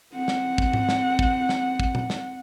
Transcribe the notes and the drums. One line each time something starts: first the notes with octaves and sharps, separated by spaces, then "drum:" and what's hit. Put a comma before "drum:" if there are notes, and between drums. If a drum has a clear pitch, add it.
C4 F#5
drum: snare
drum: kick
drum: tom G#2
drum: snare
drum: kick
drum: snare
drum: kick
drum: tom A#2
drum: snare